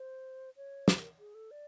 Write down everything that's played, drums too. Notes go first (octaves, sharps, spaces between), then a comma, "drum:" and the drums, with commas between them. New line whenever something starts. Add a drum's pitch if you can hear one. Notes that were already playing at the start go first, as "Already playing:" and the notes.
Already playing: C5
C#5
C5, drum: snare
A#4
G#4
A4
D5